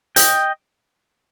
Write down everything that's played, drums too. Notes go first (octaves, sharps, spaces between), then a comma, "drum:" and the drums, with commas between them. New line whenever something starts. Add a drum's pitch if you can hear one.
D#5 G5, drum: hi-hat